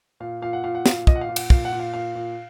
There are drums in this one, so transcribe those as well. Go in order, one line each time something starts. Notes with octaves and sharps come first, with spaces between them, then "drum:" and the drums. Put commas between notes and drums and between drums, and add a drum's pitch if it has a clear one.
A#2 F5
A#2 F5
F#5
A#2 F5
F#5
A#2 F5, drum: snare
A#2 D#5, drum: kick
F#5
F5
A#2
F#5, drum: cymbal
A#2 F5, drum: kick
F#5
A#2
F5
A#2 F5
A#2